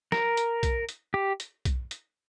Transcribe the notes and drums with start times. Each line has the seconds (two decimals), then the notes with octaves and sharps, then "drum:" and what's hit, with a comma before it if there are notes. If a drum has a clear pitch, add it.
0.12 A#4, drum: snare
0.37 drum: hi-hat
0.63 drum: kick, hi-hat
0.89 drum: hi-hat
1.14 G4
1.40 drum: hi-hat
1.65 drum: kick, hi-hat
1.91 drum: hi-hat